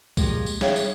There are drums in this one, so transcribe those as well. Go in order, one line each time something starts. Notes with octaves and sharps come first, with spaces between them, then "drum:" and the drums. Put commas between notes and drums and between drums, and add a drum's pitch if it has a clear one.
A#2 F3 G#3 G4 A#4, drum: kick C2, tambourine
drum: tambourine
F2 G#4 C#5 E5 F5 G5, drum: snare
drum: tambourine